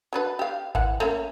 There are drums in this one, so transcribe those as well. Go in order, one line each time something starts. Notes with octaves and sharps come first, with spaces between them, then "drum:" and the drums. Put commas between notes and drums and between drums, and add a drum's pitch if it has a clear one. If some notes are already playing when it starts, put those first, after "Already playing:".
F#3 D4 B4
G4 F5
E3 F#5, drum: kick G#1
A3 A#3 C#4